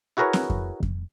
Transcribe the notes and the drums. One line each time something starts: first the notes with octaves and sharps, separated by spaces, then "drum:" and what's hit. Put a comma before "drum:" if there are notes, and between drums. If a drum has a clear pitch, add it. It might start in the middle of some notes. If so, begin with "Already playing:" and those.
E4 F#4 G#4 A#4 B4 C#5
drum: snare C4
drum: kick F2
drum: kick F2